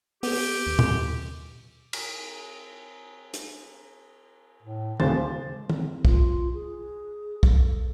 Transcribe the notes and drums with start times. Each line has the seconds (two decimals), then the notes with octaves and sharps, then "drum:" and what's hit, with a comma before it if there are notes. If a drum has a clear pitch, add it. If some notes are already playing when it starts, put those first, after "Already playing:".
0.23 B3 G4, drum: open hi-hat
0.67 D#2
0.79 drum: tom A#2
1.93 drum: cymbal
3.34 drum: hi-hat
4.62 A2
5.00 D1 C#3 C5 A6, drum: tom
5.53 G#3
5.70 C4, drum: tom
6.05 F4, drum: kick
6.53 G#4
7.43 A4, drum: kick